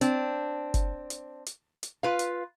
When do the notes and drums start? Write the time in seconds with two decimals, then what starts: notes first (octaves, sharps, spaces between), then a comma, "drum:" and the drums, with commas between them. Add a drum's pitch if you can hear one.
0.01 C4 D4, drum: hi-hat
0.74 drum: kick F#1, hi-hat
1.10 drum: hi-hat
1.46 drum: hi-hat
1.83 drum: hi-hat
2.03 F4 B4 F5
2.19 drum: hi-hat